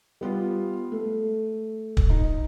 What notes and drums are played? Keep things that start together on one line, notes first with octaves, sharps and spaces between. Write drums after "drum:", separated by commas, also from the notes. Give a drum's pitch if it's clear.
G3 B3 F4
A3
drum: kick
D#4